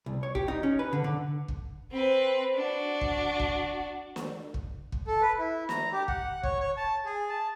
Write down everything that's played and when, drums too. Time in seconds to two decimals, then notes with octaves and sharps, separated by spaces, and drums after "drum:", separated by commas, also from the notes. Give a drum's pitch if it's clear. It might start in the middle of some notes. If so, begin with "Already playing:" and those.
0.06 C2
0.23 C#5
0.35 G4, drum: kick
0.48 D#4
0.63 C#4
0.79 B4
0.93 D3
1.04 D3
1.48 drum: kick
1.91 C4 B4
2.55 D4 F#4
3.01 drum: kick
3.39 drum: kick
4.16 drum: snare
4.54 drum: kick
4.92 drum: kick
5.07 A4
5.22 B4
5.39 E4
5.69 A#5, drum: snare
5.92 G4
6.08 F#5, drum: kick
6.43 C#5, drum: kick
6.60 C#5
6.77 A5
7.05 G#4
7.30 A5